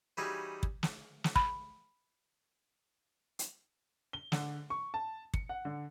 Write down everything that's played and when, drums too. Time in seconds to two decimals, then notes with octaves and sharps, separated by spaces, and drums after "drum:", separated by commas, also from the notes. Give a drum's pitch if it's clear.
0.17 E3 G3 C#4 D#4 F#4 G#4
0.63 drum: kick
0.83 drum: snare
1.24 drum: snare
1.36 B5, drum: kick
3.39 drum: hi-hat
4.13 G7
4.32 D3, drum: snare
4.70 C#6
4.94 A5
5.34 C#7, drum: kick
5.49 F#5
5.65 D3